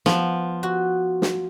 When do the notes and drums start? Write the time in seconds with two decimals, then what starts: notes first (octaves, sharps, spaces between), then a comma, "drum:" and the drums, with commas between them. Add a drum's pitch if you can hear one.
0.06 F3 B3, drum: snare
0.63 F#4
1.22 drum: snare